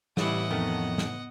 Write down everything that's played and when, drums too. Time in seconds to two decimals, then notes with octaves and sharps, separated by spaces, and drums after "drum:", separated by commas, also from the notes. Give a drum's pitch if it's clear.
0.17 A1 E3 G3 E4 D#5 F#5, drum: snare
0.51 F2 D#3 A3 B3
0.98 drum: snare